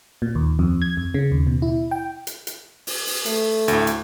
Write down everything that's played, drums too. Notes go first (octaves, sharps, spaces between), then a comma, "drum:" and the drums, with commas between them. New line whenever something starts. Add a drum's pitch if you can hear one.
A#2
D#2
F2
G#6
F2
C#3
D#2
B2
E4
G5
drum: hi-hat
drum: hi-hat
drum: open hi-hat
drum: open hi-hat
A3, drum: hi-hat
D2 A2, drum: hi-hat
drum: hi-hat